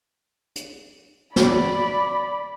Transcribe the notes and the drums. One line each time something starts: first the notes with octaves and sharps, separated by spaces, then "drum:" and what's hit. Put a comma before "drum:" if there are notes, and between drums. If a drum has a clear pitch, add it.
drum: hi-hat
D5 B5, drum: snare